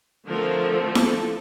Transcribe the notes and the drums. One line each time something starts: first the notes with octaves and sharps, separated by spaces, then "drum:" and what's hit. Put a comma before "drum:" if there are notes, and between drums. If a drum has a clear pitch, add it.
D3 F3 A3 C4 A#4
A4
drum: snare E4